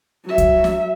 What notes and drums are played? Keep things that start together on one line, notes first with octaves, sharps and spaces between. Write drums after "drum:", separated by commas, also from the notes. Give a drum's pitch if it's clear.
F#3 E5
drum: kick C2, hi-hat
drum: snare